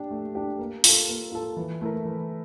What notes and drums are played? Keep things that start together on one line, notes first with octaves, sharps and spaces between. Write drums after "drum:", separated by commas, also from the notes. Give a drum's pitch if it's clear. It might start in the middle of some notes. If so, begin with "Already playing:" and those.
Already playing: D4 G4
A3
D4 G4
A#3
F4 A4, drum: open hi-hat
A#3
F4 A4
E3
A3 E4 A#4
E3